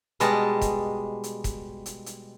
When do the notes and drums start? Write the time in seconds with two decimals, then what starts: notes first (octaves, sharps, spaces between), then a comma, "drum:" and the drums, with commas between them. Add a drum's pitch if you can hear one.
0.20 B2 G3 G#3 D#5 A5, drum: hi-hat
0.61 drum: kick E1, hi-hat
1.24 drum: hi-hat
1.44 drum: kick E1, hi-hat
1.86 drum: hi-hat
2.06 drum: hi-hat